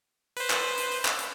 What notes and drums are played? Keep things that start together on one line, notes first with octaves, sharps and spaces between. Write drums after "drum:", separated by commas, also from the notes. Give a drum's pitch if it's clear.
B4 C5, drum: open hi-hat
drum: clap
drum: hi-hat
drum: open hi-hat
drum: clap
drum: hi-hat